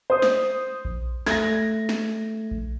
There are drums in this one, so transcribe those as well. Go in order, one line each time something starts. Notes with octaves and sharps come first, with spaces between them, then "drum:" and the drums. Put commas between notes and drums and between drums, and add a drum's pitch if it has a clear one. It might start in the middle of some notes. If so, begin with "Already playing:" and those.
C5 D#6
drum: snare
drum: kick A#1
A3 G#6 A#6, drum: snare
drum: snare
drum: kick A#1